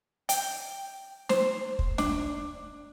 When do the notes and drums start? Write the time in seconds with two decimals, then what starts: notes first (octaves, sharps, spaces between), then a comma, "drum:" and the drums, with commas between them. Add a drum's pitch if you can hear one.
0.29 G5, drum: hi-hat
1.29 C5, drum: snare
1.79 drum: kick
1.98 D4, drum: snare